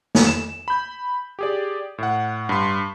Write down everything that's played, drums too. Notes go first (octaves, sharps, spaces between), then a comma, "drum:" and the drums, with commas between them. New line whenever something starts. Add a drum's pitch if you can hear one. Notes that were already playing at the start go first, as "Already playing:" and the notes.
C#5, drum: snare
E7
B5 G6
G4 G#4 D5
A2 F#5
G2 C6